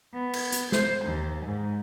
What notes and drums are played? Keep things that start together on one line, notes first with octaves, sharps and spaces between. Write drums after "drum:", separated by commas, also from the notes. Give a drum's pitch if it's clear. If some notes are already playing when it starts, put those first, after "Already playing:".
B3
drum: cymbal
drum: hi-hat
C5, drum: snare
D#2
G#2